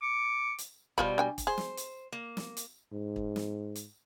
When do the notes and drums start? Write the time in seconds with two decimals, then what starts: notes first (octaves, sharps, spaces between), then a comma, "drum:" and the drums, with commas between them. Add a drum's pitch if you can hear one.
0.02 D6 C#7
0.58 drum: hi-hat
0.98 B2 F3 G3 F4 B5, drum: kick
1.18 D4 G5 G#5
1.38 drum: kick, hi-hat
1.47 G#4 C5
1.58 drum: snare
1.77 drum: hi-hat
2.12 A#3
2.37 drum: snare
2.57 drum: hi-hat
2.93 G#2
3.16 drum: kick
3.36 drum: snare
3.75 drum: hi-hat